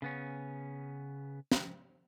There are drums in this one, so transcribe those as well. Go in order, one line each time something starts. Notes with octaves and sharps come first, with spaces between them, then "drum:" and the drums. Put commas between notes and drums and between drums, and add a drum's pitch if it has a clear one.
C#3 B3 C#4
drum: snare